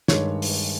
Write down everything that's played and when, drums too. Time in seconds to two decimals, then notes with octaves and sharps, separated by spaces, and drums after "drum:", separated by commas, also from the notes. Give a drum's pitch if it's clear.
0.08 G2 D#3 G#3 C#5, drum: snare
0.42 drum: open hi-hat